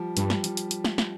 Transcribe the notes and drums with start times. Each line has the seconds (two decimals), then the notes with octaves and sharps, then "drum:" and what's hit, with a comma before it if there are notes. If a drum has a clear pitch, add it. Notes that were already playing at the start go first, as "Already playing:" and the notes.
Already playing: F3 G3
0.17 G2 G3, drum: hi-hat
0.30 drum: snare
0.44 F3, drum: hi-hat
0.57 drum: hi-hat
0.71 drum: hi-hat
0.85 drum: snare
0.98 drum: snare